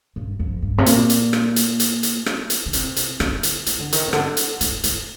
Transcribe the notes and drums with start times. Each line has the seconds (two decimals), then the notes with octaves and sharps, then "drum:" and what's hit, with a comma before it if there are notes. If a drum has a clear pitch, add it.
0.16 G2
0.39 F2
0.62 G2
0.78 C3
0.86 A#2, drum: hi-hat
1.10 drum: hi-hat
1.33 drum: rim click
1.56 drum: hi-hat
1.80 drum: hi-hat
2.03 drum: hi-hat
2.26 drum: rim click
2.50 drum: hi-hat
2.66 D3
2.73 C3, drum: hi-hat
2.96 drum: hi-hat
3.20 D3, drum: rim click
3.43 drum: hi-hat
3.66 D#3, drum: hi-hat
3.79 D3
3.92 D#3, drum: hi-hat
4.08 C3
4.13 D3, drum: rim click
4.37 drum: hi-hat
4.61 D3, drum: hi-hat
4.84 D3, drum: hi-hat